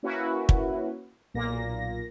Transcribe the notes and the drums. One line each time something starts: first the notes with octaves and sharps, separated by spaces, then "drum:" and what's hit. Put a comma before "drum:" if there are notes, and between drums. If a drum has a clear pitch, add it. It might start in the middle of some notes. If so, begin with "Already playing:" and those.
A#3 C#4 E4 F#4 B4
drum: kick
B1 A#2 A#3 A#6